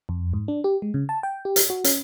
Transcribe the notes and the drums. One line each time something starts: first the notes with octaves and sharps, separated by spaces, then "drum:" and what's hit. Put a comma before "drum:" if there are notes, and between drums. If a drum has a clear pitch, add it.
F2
G#2
D4
G4
G#3
C#3
A5
G5
G4
drum: hi-hat
F#4
C#4, drum: hi-hat